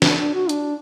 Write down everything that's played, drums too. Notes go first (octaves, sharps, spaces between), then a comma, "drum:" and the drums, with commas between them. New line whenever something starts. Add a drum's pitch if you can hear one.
D4, drum: snare
D4
F#4
D4, drum: hi-hat